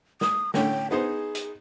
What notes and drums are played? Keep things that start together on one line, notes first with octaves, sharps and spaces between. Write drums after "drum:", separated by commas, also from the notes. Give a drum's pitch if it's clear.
D#6, drum: snare
A2 D3 C#4 G5, drum: snare
B3 D#4 G#4 C5
drum: hi-hat